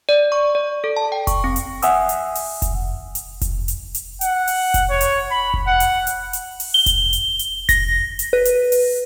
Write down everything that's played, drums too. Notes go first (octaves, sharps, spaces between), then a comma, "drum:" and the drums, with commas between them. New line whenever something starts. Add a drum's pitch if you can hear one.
D5
C#6
D5
A4
A5
G5
C#6, drum: kick F1, hi-hat
C4
drum: hi-hat
E5 F#5 G#5 D#6 E6, drum: hi-hat
drum: hi-hat
drum: open hi-hat
drum: kick F1, hi-hat
drum: hi-hat
drum: kick F1, hi-hat
drum: hi-hat
drum: hi-hat
F#5, drum: hi-hat
drum: open hi-hat
drum: kick F1, hi-hat
C#5
drum: hi-hat
B5
drum: kick F1
F#5
drum: hi-hat
drum: hi-hat
drum: hi-hat
drum: open hi-hat
G7
drum: kick F1, hi-hat
drum: hi-hat
drum: hi-hat
A#6, drum: kick F1, hi-hat
drum: hi-hat
B4
drum: hi-hat
drum: open hi-hat